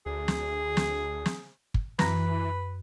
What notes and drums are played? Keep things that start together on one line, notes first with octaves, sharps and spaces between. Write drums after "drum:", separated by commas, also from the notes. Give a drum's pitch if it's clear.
D2 G#4
drum: snare
drum: snare
drum: snare
drum: kick
F#2 E3 B4 A#6, drum: snare